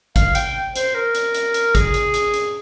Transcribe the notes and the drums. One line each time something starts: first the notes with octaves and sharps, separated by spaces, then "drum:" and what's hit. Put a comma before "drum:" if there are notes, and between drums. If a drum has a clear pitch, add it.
F5, drum: kick, hi-hat
G5, drum: hi-hat
C5, drum: hi-hat
A#4
drum: hi-hat
drum: hi-hat
drum: hi-hat
G#4, drum: kick, hi-hat
drum: hi-hat
drum: hi-hat
drum: hi-hat